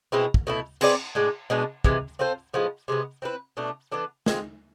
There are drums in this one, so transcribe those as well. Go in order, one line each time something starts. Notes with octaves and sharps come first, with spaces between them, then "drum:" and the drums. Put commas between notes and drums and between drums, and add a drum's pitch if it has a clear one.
B2 G#3 C4 E4
drum: kick
B2 A3 E4
C4 G#4 B4 D5, drum: cymbal
A2 G#3 D4
B2 G#3 B3 D4
C3 E3 G#3, drum: kick
C4 F4 A4 C5
A2 F3 G#3 B3
C3 G#3 B3
C4 E4 B4
B2 A3 D4
E3 B3 D4 A4
G#3 C4 F4, drum: snare